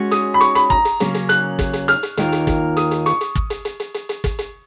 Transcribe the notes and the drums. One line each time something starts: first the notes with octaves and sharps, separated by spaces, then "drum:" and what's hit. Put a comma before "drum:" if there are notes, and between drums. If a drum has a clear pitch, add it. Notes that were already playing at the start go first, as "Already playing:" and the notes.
Already playing: G#3 C#4 F#4
D#6, drum: hi-hat
B5
C#6, drum: hi-hat
B5, drum: hi-hat
A#5, drum: kick
drum: hi-hat
C#3 F#3 A#3 C#4, drum: hi-hat
drum: hi-hat
F#6, drum: hi-hat
drum: kick, hi-hat
drum: hi-hat
F6, drum: hi-hat
drum: hi-hat
D#2 D#3 A#3 F4 A#4, drum: hi-hat
drum: hi-hat
drum: kick, hi-hat
D#6, drum: hi-hat
drum: hi-hat
C#6, drum: hi-hat
drum: hi-hat
drum: kick
drum: hi-hat
drum: hi-hat
drum: hi-hat
drum: hi-hat
drum: hi-hat
drum: kick, hi-hat
drum: hi-hat